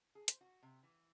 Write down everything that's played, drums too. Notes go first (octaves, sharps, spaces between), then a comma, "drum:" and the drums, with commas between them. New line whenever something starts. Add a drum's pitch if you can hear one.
G#4
C5, drum: hi-hat
F#4
C3
E3